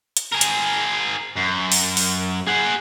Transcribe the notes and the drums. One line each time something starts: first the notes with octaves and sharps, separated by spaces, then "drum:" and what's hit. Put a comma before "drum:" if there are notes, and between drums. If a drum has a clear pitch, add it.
drum: hi-hat
G#4 A#4
drum: hi-hat
F#2
drum: open hi-hat
drum: open hi-hat
G#4 F#5